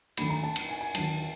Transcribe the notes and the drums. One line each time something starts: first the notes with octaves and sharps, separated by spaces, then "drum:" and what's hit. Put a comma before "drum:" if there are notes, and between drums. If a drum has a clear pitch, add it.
D#2 D3 F#3 A3 D4 B5, drum: cymbal
A#5
A5
drum: cymbal
G#5
G#5
D#2 D3 F#3 A5, drum: cymbal